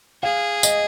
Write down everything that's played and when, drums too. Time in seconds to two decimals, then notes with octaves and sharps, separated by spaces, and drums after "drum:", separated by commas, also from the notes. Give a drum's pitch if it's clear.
0.23 G#4 F5
0.63 D#5, drum: tambourine